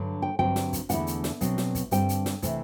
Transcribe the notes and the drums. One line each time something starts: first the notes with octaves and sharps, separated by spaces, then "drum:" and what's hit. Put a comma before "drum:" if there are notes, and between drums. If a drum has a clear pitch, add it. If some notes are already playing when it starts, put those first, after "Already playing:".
Already playing: G2 D3 F#3
G5
G2 D3 F#3 C4 G5, drum: kick
drum: snare
drum: kick, hi-hat
E2 D3 A3 E4 F#5, drum: hi-hat
drum: hi-hat
drum: snare
B2 F#3 C4, drum: kick, hi-hat
drum: snare
drum: kick, hi-hat
G2 D3 G3 C4 G5, drum: hi-hat
drum: hi-hat
drum: snare
C3 E3 A3 C4, drum: kick, hi-hat